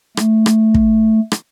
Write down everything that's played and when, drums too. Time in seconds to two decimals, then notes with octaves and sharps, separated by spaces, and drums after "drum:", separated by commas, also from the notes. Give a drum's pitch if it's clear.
0.17 A3, drum: rim click
0.46 drum: rim click
0.74 drum: kick
1.32 drum: rim click